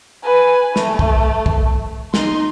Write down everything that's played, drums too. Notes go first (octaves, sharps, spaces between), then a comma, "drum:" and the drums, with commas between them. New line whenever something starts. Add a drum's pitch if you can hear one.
B4 G#5
A3, drum: snare
drum: kick
drum: kick
D#4 C6, drum: snare